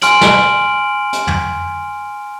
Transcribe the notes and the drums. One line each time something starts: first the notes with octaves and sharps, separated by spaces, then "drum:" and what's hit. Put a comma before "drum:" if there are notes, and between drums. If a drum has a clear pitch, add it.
G#5 C6 F6 D7 F#7, drum: hi-hat
drum: snare
drum: hi-hat
drum: tom